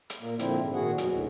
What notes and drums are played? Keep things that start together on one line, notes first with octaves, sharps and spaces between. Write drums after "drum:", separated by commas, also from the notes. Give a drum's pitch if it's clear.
drum: hi-hat
A#2 A#3
A#2 D3 F3 C4 E4, drum: hi-hat
G#2
A#2 D#3 F#4 G#4 F#5
F#2 B2 F#3, drum: hi-hat
D2 A2